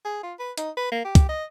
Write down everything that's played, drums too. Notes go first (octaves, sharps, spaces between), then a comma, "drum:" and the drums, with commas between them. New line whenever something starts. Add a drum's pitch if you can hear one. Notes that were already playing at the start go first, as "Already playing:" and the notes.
G#4
F4
B4
D#4, drum: hi-hat
B4
A#3
G4
drum: kick, hi-hat
D#5